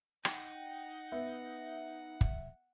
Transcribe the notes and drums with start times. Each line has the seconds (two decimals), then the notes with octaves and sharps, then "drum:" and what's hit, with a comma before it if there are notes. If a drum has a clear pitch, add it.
0.25 D#4 F#5 G5, drum: rim click
1.12 B3 E5
2.21 drum: kick